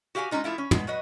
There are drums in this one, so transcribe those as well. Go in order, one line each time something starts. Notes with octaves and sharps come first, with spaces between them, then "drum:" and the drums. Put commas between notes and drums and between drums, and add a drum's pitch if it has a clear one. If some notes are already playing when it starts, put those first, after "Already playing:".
F#4 G4 F5 F#5 G#5
G#3 A#3 C#4 D#4 F4
F3 A3 E4 F4
C#4
G#3 B3, drum: tom
F#3 F#4 B4 D#5